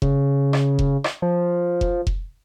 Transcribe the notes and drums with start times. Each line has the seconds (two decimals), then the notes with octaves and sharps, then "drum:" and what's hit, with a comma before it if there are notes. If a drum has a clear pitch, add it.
0.02 C#3, drum: kick F1
0.53 drum: rim click
0.79 drum: kick F1
1.04 drum: rim click
1.22 F3
1.81 drum: kick F1
2.07 drum: kick F1